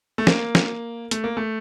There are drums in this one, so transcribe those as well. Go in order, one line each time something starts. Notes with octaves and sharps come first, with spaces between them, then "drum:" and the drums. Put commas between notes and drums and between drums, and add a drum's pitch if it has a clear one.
A3
A#3, drum: snare
drum: snare
A3, drum: hi-hat
A#3
A3